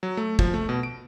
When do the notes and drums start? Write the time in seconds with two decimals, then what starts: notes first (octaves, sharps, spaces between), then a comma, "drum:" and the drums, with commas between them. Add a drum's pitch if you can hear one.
0.03 F#3
0.17 A3
0.39 F3, drum: kick
0.54 A3
0.69 B2
0.83 D7